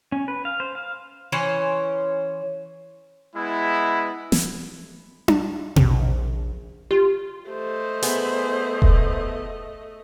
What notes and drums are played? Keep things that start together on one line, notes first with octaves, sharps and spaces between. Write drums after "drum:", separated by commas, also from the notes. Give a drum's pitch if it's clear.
C#4
B4
F5
C5
F5
E3 C#4 C5 C#5
G#3 B3 E4
drum: snare
drum: tom D4
A#1, drum: tom B2
F4 G4
A3 C5 D#5
B3 E4 G#4, drum: hi-hat
drum: kick E1